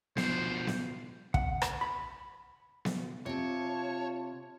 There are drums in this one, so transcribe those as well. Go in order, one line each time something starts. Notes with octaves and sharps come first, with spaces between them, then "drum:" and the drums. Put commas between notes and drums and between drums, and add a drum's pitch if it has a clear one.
B2 F3 C5, drum: snare B3
drum: snare B3
F#5, drum: kick
drum: rim click
B5
drum: snare B3
C3 C4 F4 C#5 A5